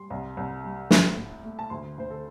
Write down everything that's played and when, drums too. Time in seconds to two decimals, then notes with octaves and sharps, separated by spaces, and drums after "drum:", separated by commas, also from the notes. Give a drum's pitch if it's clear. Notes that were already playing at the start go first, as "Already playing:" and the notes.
Already playing: G3 C6
0.10 C2
0.37 C2
0.64 G3
0.91 A2, drum: snare
1.17 A2
1.44 A3
1.59 A5
1.70 D2 C6
1.98 D2 C5
2.10 A4